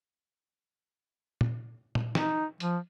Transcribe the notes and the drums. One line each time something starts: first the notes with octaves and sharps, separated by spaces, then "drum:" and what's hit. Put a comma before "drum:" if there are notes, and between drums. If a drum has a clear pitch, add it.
drum: tom
drum: tom A#2
D#4, drum: snare
F3, drum: hi-hat